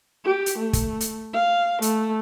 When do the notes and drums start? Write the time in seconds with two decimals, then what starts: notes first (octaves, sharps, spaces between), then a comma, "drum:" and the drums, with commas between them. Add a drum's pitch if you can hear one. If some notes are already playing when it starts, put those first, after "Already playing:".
0.25 G4
0.46 drum: hi-hat
0.59 A3
0.73 drum: kick, hi-hat
1.00 drum: hi-hat
1.34 F5
1.82 A3, drum: hi-hat